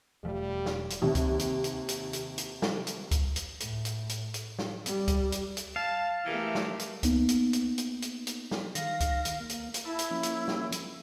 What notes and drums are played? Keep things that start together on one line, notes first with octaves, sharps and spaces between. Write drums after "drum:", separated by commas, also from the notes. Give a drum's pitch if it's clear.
E1 F3 G3 A3
drum: snare
drum: hi-hat
D#2 C3
drum: kick C#2, hi-hat
drum: hi-hat
drum: hi-hat
drum: hi-hat
drum: hi-hat
drum: hi-hat
drum: snare
drum: hi-hat
drum: kick C#2, hi-hat
drum: hi-hat
A2, drum: hi-hat
drum: hi-hat
drum: hi-hat
drum: hi-hat
drum: snare
G3, drum: hi-hat
drum: kick C#2, hi-hat
drum: hi-hat
drum: hi-hat
F5 A5
E3 A3 G4 A#4
drum: snare
drum: hi-hat
A#3 B3 D#4, drum: kick C#2, hi-hat
drum: hi-hat
drum: hi-hat
drum: hi-hat
drum: hi-hat
drum: hi-hat
drum: snare
D#3 F5 A#6, drum: hi-hat
drum: kick C#2, hi-hat
drum: hi-hat
A#3
drum: hi-hat
drum: hi-hat
E4 A5 B5 E6
drum: hi-hat
F3 A#3 C#4
drum: hi-hat
drum: snare
drum: hi-hat